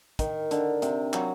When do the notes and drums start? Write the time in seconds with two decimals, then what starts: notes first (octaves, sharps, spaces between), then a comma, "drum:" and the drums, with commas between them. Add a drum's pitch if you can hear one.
0.19 D#3, drum: kick, hi-hat
0.51 D3, drum: hi-hat
0.82 C3, drum: hi-hat
1.13 F#3, drum: clap